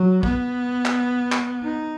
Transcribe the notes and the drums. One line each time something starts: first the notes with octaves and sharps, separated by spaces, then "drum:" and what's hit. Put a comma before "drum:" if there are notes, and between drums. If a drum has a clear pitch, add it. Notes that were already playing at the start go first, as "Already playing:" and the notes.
Already playing: F#3
B3, drum: kick
drum: clap
drum: clap
D#4